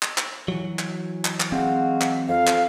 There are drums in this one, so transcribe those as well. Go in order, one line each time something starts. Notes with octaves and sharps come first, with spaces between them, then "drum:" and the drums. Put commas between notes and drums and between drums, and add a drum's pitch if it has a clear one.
drum: clap
drum: clap
E3 F#3
drum: clap
drum: clap
drum: clap
G#3 C4 F#4 F5
drum: clap
F2 F5
drum: clap